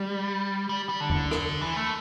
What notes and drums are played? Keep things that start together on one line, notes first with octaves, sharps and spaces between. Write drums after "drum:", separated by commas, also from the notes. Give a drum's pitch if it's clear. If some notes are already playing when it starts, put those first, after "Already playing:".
Already playing: G3
G3
G3
D3
drum: tom E2
drum: rim click
E3
A3